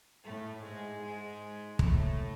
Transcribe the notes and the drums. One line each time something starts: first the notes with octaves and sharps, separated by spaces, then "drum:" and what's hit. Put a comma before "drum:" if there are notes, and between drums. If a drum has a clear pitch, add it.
A2 A3
G#2 G#3
G#2 G#3
A2 A3, drum: kick